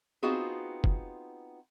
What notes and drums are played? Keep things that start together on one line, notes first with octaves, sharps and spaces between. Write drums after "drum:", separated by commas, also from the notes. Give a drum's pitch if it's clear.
B3 C4 D#4 F4 F#4 G#4
drum: kick